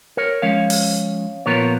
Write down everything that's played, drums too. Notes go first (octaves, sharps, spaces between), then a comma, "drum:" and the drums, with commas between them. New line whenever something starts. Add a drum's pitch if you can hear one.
A#4 C#5
F3 G#3 C#4 C#5 F5
drum: open hi-hat
A#2 F3 B3 F4 A#4 C#5